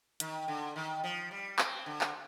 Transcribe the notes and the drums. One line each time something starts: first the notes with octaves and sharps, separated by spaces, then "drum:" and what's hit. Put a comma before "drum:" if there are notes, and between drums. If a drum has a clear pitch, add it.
D#3, drum: hi-hat
D3
D#3
F3
G3
C4, drum: clap
D3
drum: clap